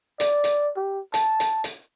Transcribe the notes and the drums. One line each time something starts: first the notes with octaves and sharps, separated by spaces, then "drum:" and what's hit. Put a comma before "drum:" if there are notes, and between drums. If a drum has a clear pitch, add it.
D5, drum: hi-hat
drum: hi-hat
G4
A5, drum: hi-hat
drum: hi-hat
drum: hi-hat